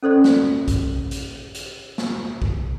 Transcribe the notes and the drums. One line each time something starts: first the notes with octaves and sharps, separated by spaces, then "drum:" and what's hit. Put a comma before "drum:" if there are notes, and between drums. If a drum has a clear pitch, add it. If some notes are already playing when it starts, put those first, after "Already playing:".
C#4 A4 C5 D5
drum: snare
drum: kick A#1, hi-hat
drum: hi-hat
drum: hi-hat
drum: snare
drum: kick A#1